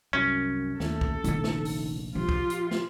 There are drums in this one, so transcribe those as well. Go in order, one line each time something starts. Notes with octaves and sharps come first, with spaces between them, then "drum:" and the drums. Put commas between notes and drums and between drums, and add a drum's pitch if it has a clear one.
C2 F#2 C#4
D#2 A3 A4, drum: snare
drum: kick
F1 A#1 D#3 D#4, drum: hi-hat
drum: snare
drum: open hi-hat
F3 F4 G4
drum: kick
drum: hi-hat
drum: snare